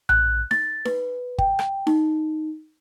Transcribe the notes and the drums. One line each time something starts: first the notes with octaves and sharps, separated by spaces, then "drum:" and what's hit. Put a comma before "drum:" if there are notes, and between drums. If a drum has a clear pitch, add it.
F#6, drum: tom A#1
A6, drum: snare D#4
B4, drum: snare D#4
G5, drum: kick G1
drum: rim click
D#4, drum: snare D#4